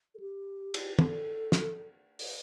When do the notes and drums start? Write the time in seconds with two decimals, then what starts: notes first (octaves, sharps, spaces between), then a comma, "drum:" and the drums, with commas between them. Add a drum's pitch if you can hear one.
0.15 A4
0.20 G4
0.74 drum: cymbal
0.99 A4, drum: tom
1.52 drum: snare
2.19 drum: open hi-hat